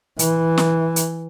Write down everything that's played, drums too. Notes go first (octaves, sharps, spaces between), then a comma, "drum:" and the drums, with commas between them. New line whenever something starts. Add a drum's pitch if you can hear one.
E3, drum: hi-hat
drum: snare
drum: hi-hat